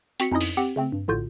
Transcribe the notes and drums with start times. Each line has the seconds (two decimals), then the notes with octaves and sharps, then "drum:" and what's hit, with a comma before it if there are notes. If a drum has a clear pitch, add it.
0.20 C4 F#4 B6 C#7, drum: hi-hat
0.32 F2 C#4 D#4 E4 D#5 D#6
0.41 drum: open hi-hat
0.57 C4 G4 F#5
0.76 C#3 A3 C4
0.92 G2
1.08 A#1 A2 D3 F4 F#4 G6